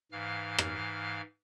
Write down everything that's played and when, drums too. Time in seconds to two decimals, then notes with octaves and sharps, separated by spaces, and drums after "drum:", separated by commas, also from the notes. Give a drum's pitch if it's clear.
0.12 G#2 E3 F5 F6
0.58 drum: rim click